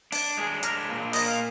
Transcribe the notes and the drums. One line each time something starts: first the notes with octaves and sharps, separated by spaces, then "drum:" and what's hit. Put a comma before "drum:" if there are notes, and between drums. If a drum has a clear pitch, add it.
D4, drum: open hi-hat
G#3 G#4
D4 A#4, drum: hi-hat
A#2
A#3 D#5, drum: open hi-hat
F5